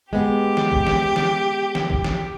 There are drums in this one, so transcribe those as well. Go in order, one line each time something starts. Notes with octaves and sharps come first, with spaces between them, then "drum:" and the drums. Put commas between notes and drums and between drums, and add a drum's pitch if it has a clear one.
G#3 B3 G4
drum: snare
drum: kick
drum: snare
drum: snare
drum: snare
drum: kick
drum: snare